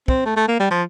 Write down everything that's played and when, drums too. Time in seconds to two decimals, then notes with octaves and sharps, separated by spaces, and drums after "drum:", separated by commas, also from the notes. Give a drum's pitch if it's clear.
0.08 C4, drum: kick
0.25 A3
0.36 A3
0.48 A#3
0.60 G3
0.71 F3